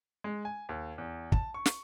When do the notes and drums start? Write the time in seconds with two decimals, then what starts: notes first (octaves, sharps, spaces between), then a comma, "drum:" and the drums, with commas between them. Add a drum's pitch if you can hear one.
0.24 G#3
0.45 G#5
0.69 D#2
0.98 E2
1.32 A5, drum: kick
1.54 C#6
1.66 drum: snare